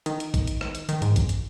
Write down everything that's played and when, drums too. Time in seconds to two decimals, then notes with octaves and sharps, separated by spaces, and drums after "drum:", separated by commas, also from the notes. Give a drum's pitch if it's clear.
0.06 D#3, drum: hi-hat
0.20 drum: hi-hat
0.34 drum: kick, hi-hat
0.47 drum: hi-hat
0.61 drum: rim click
0.75 drum: hi-hat
0.89 D#3, drum: hi-hat
1.02 G#2, drum: hi-hat
1.16 F#2, drum: kick, hi-hat
1.29 drum: hi-hat